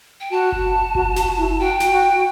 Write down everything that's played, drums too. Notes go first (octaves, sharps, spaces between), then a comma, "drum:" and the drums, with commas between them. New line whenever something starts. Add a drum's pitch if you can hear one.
G5
F#4 A5
drum: kick F#1
F#4, drum: kick F#1
F#4, drum: snare
E4
F#4 G5
drum: snare
F#4